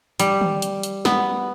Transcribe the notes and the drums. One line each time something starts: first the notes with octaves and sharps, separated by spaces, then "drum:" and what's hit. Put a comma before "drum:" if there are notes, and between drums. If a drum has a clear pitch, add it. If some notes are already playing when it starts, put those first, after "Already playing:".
G3, drum: hi-hat
drum: tom
drum: hi-hat
drum: hi-hat
B3, drum: snare